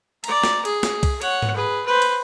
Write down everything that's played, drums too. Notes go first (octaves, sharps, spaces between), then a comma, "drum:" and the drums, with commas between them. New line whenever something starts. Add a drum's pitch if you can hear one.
D5 A#5, drum: cymbal
drum: snare
G#4, drum: cymbal
drum: snare
drum: kick C2, cymbal
C#5 F#5, drum: cymbal
drum: tom G#2
G#4 B4
B4 C5
drum: cymbal